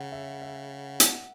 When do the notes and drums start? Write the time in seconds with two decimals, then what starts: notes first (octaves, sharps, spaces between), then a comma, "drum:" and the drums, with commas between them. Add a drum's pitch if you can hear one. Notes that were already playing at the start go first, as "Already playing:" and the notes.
Already playing: C#3 F#5
0.12 E5
0.42 E5
1.00 drum: hi-hat